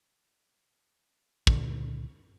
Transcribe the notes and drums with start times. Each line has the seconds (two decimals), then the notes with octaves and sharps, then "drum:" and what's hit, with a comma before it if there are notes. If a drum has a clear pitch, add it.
1.47 C#2 A#2 D3, drum: kick